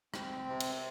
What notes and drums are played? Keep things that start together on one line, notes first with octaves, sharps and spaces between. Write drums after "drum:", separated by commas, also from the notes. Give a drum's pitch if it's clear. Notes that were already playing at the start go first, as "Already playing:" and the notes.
C4, drum: rim click
C3
drum: cymbal